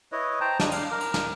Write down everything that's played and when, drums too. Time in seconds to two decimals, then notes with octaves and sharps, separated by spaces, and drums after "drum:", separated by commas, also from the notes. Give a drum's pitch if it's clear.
0.12 E4 B4 C#5 D#5
0.41 C5 G5 A5 A#5
0.60 D4 D#4, drum: snare
0.71 D4 F5, drum: cymbal
0.91 A#4
1.00 drum: cymbal
1.14 drum: snare